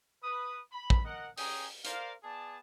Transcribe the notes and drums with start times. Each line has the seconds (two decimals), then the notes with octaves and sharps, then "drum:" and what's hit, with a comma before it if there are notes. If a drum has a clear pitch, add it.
0.23 B4 D#6
0.72 B5
0.90 drum: kick
1.05 A#4 D#5 F#5
1.38 C#4 G#4 G5 A#5 D#6, drum: open hi-hat
1.85 A#4 C5 D5 F5, drum: hi-hat
2.24 B3 G#4 D5 A5